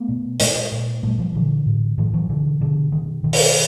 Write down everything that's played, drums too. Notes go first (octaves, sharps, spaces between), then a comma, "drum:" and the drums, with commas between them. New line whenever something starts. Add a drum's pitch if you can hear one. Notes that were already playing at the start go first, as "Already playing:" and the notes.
Already playing: A3 B3
B2
A#2 G#3 A#3, drum: hi-hat
A#2
A#2 G3 A3
F3 G3
A#2 D3 E3
A2
A2 D#3 F3
E3 F#3
B2 D3 E3
B2 D3
B2 D#3
B2 D#3
drum: open hi-hat